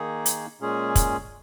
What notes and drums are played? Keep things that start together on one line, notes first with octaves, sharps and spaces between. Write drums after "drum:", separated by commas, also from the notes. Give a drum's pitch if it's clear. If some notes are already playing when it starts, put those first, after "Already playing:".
Already playing: D#3 A#3 D#4 G#4
drum: hi-hat
A#2 G#3 C#4 G#4
drum: kick, hi-hat